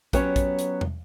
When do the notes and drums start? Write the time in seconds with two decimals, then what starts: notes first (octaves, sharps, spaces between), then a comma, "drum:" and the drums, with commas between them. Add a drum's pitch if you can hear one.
0.13 F#3 B3 C#4 G4 C#5, drum: kick, hi-hat
0.36 drum: kick, hi-hat
0.59 drum: hi-hat
0.81 drum: tom E2